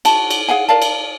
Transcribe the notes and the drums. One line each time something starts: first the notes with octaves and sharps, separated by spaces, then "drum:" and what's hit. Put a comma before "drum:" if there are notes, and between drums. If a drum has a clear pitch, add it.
F#4 A5, drum: cymbal
drum: cymbal
G#4 F5 F#5 G#5
A#4 D5 F5 A5
drum: cymbal